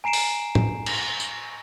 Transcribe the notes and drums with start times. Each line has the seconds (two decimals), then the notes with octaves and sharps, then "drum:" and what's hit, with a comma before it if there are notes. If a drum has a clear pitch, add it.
0.04 G#5 A#5 C7 D7 E7
0.13 drum: open hi-hat
0.55 drum: tom A2
0.86 drum: cymbal
1.20 drum: tambourine